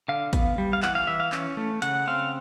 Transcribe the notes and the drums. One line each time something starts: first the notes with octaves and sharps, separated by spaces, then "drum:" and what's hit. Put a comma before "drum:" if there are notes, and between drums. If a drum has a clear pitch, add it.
D3 F5
B3, drum: kick, hi-hat
G3
F5
E3 F#5, drum: clap
F5
E3 E5
F5
C#4, drum: clap
A3
C#3 F#5, drum: hi-hat
C4 F5